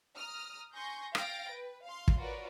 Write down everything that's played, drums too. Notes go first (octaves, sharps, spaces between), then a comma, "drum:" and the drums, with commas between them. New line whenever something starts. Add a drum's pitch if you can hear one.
A#5 D#6 F6
G#5 C6 C#6 G6 A#6
F5 G5 A6 A#6 D7, drum: rim click
B4
F5 C6
drum: kick
F4 F#4 A#4 B4 C#5 D5